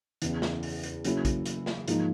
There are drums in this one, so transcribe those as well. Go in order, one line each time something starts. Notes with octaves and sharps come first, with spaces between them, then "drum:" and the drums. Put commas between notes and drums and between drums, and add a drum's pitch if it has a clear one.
E2 C#3 E3, drum: hi-hat
drum: snare
drum: open hi-hat
drum: hi-hat
C#3 F#3 A#3 C#4 E4, drum: hi-hat
drum: kick A#1, hi-hat
drum: hi-hat
drum: snare
G#2 F3 A#3 D#4, drum: hi-hat